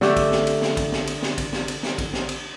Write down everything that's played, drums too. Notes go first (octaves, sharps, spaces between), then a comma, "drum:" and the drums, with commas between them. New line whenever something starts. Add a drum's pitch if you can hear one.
D3 A3 G4 G5, drum: snare
drum: kick A#1, cymbal
drum: snare
drum: cymbal
drum: snare
drum: kick A#1, cymbal
drum: snare
drum: cymbal
drum: snare
drum: kick A#1, cymbal
drum: snare
drum: cymbal
drum: snare
drum: kick A#1, cymbal
drum: snare
drum: cymbal